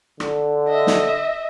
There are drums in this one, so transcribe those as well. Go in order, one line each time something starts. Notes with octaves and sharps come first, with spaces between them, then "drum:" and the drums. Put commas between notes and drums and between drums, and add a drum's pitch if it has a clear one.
D3, drum: rim click
D#5 E5
drum: snare